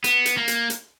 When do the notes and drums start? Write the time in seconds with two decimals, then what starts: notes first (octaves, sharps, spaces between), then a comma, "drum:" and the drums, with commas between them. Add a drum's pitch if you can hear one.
0.04 B3, drum: hi-hat
0.26 drum: hi-hat
0.37 A#3
0.48 drum: hi-hat
0.70 drum: hi-hat